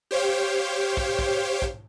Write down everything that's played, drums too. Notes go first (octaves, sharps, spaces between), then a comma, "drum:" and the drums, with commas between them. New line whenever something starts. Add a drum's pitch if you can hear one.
G4 C5 C#5 F5 G5
drum: kick
drum: kick
drum: kick